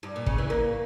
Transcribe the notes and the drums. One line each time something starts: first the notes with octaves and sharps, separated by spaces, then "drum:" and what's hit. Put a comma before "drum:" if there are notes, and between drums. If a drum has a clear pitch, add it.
G2
A#2
C#3, drum: kick
E3
A#3